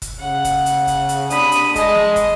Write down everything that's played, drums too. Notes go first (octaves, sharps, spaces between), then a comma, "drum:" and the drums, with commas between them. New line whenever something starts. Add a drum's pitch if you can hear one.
drum: kick, hi-hat
C#3 F#5
drum: kick, hi-hat
drum: hi-hat
drum: kick, hi-hat
drum: hi-hat
C3 D4 B5 D#6, drum: hi-hat
drum: hi-hat
G#3 D#5 A5, drum: kick, hi-hat
drum: snare
drum: kick, hi-hat